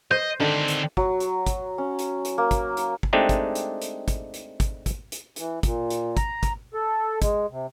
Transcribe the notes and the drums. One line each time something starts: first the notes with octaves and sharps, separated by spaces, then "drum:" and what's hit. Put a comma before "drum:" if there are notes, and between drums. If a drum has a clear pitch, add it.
C5 D#5 G6
D3 D#3 C4
drum: hi-hat
F#3, drum: kick
drum: hi-hat
drum: kick, hi-hat
C#4
drum: hi-hat
drum: hi-hat
A#3
drum: kick, hi-hat
drum: hi-hat
drum: kick
G#3 A3 C4 D4 D#4 G4
drum: kick, hi-hat
drum: hi-hat
drum: hi-hat
drum: kick, hi-hat
drum: hi-hat
drum: kick, hi-hat
drum: kick, hi-hat
drum: hi-hat
E3, drum: hi-hat
A#2, drum: kick, hi-hat
drum: hi-hat
A#5, drum: kick, hi-hat
drum: kick, hi-hat
A4
G#3, drum: kick, hi-hat
C3